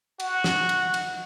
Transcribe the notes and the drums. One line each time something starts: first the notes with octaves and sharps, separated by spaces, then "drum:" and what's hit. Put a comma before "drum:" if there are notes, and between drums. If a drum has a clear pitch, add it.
F#4, drum: cymbal
drum: snare
drum: cymbal
drum: cymbal